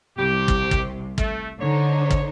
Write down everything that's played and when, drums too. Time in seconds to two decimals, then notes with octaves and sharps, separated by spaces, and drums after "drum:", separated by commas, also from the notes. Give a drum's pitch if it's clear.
0.17 C2 C3 G4
0.48 drum: kick
0.71 drum: kick
1.18 A3, drum: kick
1.60 D3 D#4 C5 C#5
2.10 drum: kick